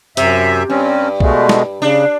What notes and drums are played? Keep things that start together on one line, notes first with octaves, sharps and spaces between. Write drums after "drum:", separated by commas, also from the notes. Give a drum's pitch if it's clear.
F#2 C3 E5, drum: hi-hat
G2 C4 C#4
B2 G#3 A3, drum: kick
drum: snare
C#3 D4